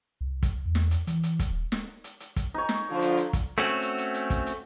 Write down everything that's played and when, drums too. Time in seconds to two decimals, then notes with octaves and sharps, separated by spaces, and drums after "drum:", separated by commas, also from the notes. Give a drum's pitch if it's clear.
0.21 C2
0.43 drum: kick, hi-hat
0.65 E2
0.75 drum: snare
0.91 drum: hi-hat
1.07 E3, drum: hi-hat
1.23 drum: hi-hat
1.40 drum: kick, hi-hat
1.50 D#1
1.72 drum: snare
2.04 drum: hi-hat
2.20 drum: hi-hat
2.36 drum: kick, hi-hat
2.54 D#4 C#5
2.69 drum: snare
2.90 D3 F3
3.01 drum: hi-hat
3.17 drum: hi-hat
3.33 drum: kick, hi-hat
3.58 A3 C4 C#4 F#4
3.82 drum: hi-hat
3.98 drum: hi-hat
4.14 drum: hi-hat
4.30 drum: kick, hi-hat
4.46 drum: hi-hat